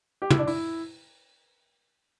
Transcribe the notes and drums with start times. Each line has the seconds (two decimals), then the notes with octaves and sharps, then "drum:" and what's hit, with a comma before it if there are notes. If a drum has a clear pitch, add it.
0.22 G4
0.30 E4, drum: tom
0.38 D4
0.47 E4, drum: open hi-hat